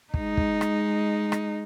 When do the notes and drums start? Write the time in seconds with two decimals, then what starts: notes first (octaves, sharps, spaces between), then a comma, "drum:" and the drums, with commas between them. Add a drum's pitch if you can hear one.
0.14 G#3 D#4, drum: kick
0.37 drum: kick
0.61 drum: rim click
1.32 drum: rim click